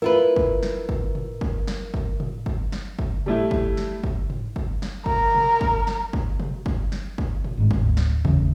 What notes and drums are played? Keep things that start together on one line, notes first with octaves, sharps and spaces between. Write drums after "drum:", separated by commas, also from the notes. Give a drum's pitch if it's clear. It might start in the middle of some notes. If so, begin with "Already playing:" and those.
E4 F4 A#4 B4
drum: kick
drum: snare
drum: kick
drum: tom A2
drum: kick
drum: snare
drum: kick
drum: tom A2
drum: kick
drum: snare
drum: kick
G3 A3 E4, drum: tom G#2
drum: kick
drum: snare
drum: kick
drum: tom G#2
drum: kick
drum: snare
A#4, drum: kick
drum: tom B2
drum: kick
drum: snare
drum: kick
drum: tom B2
drum: kick
drum: snare
drum: kick
drum: tom A2
G#1 G#2
drum: kick
D1
drum: snare
E2 C#3, drum: kick